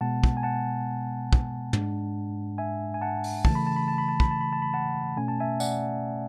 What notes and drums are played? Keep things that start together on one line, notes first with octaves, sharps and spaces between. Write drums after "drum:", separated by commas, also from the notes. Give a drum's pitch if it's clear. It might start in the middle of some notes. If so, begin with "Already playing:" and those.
B2 G#3 B3 F#5 A5
drum: kick
G#5
F#5 A5
drum: kick
G#2 G#3 D4, drum: tom
E5 G#5
G#5
F#5 A5
drum: open hi-hat
C#3 E3 A3 A5, drum: kick
B5
A5
B5
A5
B5
A5
B5, drum: kick
A5
B5
A5
B5
F#5 A5
B2 A3 C#4 G#5
A5
E5 G#5
D5 F#5, drum: tambourine